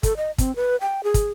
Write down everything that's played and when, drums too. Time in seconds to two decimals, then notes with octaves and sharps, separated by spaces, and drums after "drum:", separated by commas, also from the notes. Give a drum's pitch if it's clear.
0.03 A4, drum: kick, hi-hat
0.17 D#5
0.38 C4, drum: kick, hi-hat
0.56 B4
0.81 G5
1.04 G#4
1.14 drum: kick, hi-hat